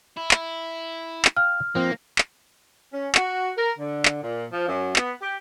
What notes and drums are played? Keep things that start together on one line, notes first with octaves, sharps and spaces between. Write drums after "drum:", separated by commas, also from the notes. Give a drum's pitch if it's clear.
E4
drum: clap
drum: clap
F5 G5 F6
F3 A#3 C4
drum: clap
C#4
F#4, drum: clap
A#4
D3
drum: clap
A#2
F3
F#2
B3, drum: clap
G4